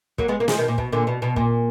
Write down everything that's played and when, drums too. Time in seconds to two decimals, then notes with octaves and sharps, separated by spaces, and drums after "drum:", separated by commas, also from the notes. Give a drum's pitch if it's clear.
0.18 F#3 A#3, drum: kick
0.28 G#3 B3
0.40 A#3
0.48 F3 G#3, drum: snare
0.58 B2 D#3
0.68 A#2
0.78 B2, drum: kick
0.92 A#2 D3
1.07 B2
1.22 B2
1.36 A#2, drum: kick